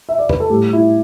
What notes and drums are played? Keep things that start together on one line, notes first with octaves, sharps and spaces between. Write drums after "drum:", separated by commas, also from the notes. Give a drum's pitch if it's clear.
E5
D5
B4, drum: tom E2
A4
A2 G3 G4
E4